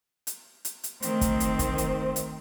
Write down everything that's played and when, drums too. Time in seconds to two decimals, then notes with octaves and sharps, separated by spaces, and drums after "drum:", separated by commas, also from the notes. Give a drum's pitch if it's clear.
0.27 drum: hi-hat
0.65 drum: hi-hat
0.84 drum: hi-hat
1.02 D#3 A3 C4, drum: hi-hat
1.21 drum: kick, hi-hat
1.40 drum: hi-hat
1.59 drum: kick, hi-hat
1.78 drum: hi-hat
2.16 drum: hi-hat